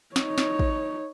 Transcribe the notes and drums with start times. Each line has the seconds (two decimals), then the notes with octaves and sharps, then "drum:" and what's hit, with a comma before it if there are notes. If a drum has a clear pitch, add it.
0.16 D#4 C#5, drum: snare
0.38 drum: snare
0.59 drum: kick